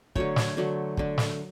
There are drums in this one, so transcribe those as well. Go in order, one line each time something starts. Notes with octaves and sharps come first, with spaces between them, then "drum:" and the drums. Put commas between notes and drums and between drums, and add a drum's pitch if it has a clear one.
D3 F#3 A3 C#5, drum: kick
drum: snare
D3 F#3 A3
D3 A3, drum: kick
drum: snare